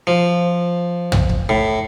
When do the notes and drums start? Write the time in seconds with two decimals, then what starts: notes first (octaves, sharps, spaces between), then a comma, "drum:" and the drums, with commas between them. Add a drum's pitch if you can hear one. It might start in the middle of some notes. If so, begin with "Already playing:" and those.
0.07 F3
1.12 drum: tom
1.29 drum: kick
1.49 A2